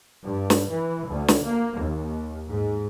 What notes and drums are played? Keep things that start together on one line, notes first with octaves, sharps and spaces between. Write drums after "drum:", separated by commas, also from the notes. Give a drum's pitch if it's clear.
G2
drum: snare
E3
D2
drum: snare
A#3
D#2
G#2